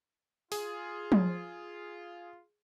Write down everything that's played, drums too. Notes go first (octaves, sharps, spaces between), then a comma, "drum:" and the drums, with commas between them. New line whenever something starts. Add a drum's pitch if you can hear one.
F4 G#4, drum: open hi-hat
drum: tom F3